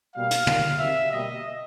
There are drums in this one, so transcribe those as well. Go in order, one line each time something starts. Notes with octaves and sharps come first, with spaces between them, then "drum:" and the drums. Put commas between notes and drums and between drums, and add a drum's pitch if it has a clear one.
B2 G3 A#3 F5
drum: hi-hat
D#3 G3 A#3 F5, drum: tom
C3 D#3 F#3 E5
B2 G3 A#3 D#5